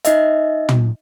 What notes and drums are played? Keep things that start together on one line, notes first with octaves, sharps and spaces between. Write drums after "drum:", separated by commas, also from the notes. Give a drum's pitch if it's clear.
D#4 D#5 E5, drum: hi-hat
drum: tom